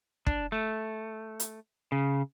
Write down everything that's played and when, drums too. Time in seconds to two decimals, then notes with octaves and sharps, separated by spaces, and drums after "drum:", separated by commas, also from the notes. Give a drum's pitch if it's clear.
0.27 D4, drum: kick
0.52 A3
1.40 drum: hi-hat
1.92 C#3